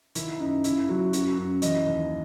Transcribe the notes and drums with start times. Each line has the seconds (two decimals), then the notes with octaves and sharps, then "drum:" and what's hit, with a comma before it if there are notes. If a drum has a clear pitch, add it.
0.15 D#3 E4, drum: hi-hat
0.40 F#2 D#4
0.64 C#3 E4, drum: hi-hat
0.89 F#3 F#4
1.13 F#2 F#4, drum: hi-hat
1.38 F#2
1.62 E3 D#5, drum: hi-hat
1.87 D#2